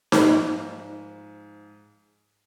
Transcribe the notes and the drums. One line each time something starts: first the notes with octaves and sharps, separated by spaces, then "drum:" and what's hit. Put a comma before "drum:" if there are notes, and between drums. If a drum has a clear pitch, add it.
G#2 F3, drum: snare D#4